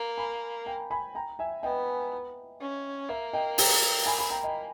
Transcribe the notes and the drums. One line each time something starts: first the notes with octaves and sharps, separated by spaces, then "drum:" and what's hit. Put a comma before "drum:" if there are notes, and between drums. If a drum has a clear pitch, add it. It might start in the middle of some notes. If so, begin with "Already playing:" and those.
Already playing: A#3
G#5 B5
G5 A#5
G#5 B5
G5 A#5
E5 G#5
B3 D#5 G5
C#4
A#3 E5
D#5 G5
G5 A#5, drum: open hi-hat
G#5 B5
G#5 B5
G5 A#5
D#5 G5